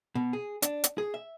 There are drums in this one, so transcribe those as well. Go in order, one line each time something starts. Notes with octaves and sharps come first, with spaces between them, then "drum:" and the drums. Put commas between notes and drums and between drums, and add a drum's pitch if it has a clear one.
B2
G#4
D4, drum: hi-hat
drum: hi-hat
G#4
E5